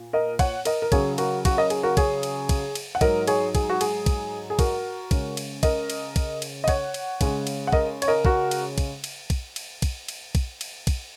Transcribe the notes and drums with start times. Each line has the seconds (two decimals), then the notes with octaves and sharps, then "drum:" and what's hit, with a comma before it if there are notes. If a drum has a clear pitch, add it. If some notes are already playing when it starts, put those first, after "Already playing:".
Already playing: A#2
0.13 A#4 D#5
0.39 C#5 F#5, drum: kick, cymbal
0.65 A#4 D#5, drum: cymbal
0.82 A#4
0.92 C#3 F#3 C#4 G#4 C#5, drum: kick, cymbal
1.18 F#4 A#4, drum: cymbal
1.45 F#4, drum: kick, cymbal
1.57 A#4 D#5
1.70 G#4, drum: cymbal
1.83 F#4 A#4
1.97 G#4 C#5, drum: kick, cymbal
2.23 drum: cymbal
2.49 drum: kick, cymbal
2.75 drum: cymbal
2.95 F#5
3.01 G#2 F#3 D#4 A#4 D#5, drum: kick, cymbal
3.27 G#4 C#5, drum: cymbal
3.55 G#4, drum: kick, cymbal
3.70 F#4
3.81 G#4, drum: cymbal
4.06 drum: kick, cymbal
4.50 G#4
4.59 F#4 A#4, drum: kick, cymbal
5.11 C#3 G#3 C#4, drum: kick, cymbal
5.37 drum: cymbal
5.63 A#4 D#5, drum: kick, cymbal
5.90 drum: cymbal
6.16 drum: kick, cymbal
6.42 drum: cymbal
6.64 D#5
6.68 C#5 F#5, drum: kick, cymbal
6.94 drum: cymbal
7.21 C#3 G#3 C#4, drum: kick, cymbal
7.47 drum: cymbal
7.67 F#5
7.73 A#4 D#5, drum: kick
8.02 C#5, drum: cymbal
8.08 A#4 D#5
8.25 F#4 A#4, drum: kick
8.51 drum: cymbal
8.78 drum: kick, cymbal
9.04 drum: cymbal
9.30 drum: kick, cymbal
9.56 drum: cymbal
9.82 drum: kick, cymbal
10.08 drum: cymbal
10.35 drum: kick, cymbal
10.61 drum: cymbal
10.87 drum: kick, cymbal